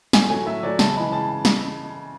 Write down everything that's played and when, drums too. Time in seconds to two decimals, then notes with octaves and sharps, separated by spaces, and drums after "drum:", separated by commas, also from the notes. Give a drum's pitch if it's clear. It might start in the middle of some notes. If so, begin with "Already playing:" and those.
0.13 A2 G#5, drum: snare
0.30 F#3 A3 G#5
0.46 A2 E5
0.63 F#3 A3 D5
0.79 C#3 A5, drum: snare
0.96 E3 G#3 B5
1.12 C#3 A5
1.45 drum: snare